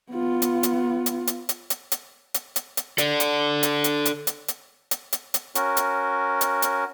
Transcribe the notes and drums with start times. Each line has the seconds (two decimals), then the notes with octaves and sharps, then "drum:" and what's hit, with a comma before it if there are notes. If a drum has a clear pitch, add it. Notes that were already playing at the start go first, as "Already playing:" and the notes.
0.11 B3 F4
0.42 drum: hi-hat
0.63 drum: hi-hat
1.06 drum: hi-hat
1.27 drum: hi-hat
1.49 drum: hi-hat
1.70 drum: hi-hat
1.92 drum: hi-hat
2.34 drum: hi-hat
2.56 drum: hi-hat
2.77 drum: hi-hat
2.98 A4 D5, drum: hi-hat
3.20 drum: hi-hat
3.63 drum: hi-hat
3.84 drum: hi-hat
4.06 drum: hi-hat
4.27 drum: hi-hat
4.48 drum: hi-hat
4.91 drum: hi-hat
5.12 drum: hi-hat
5.34 drum: hi-hat
5.55 C#4 F#4 A#4, drum: hi-hat
5.77 drum: hi-hat
6.41 drum: hi-hat
6.62 drum: hi-hat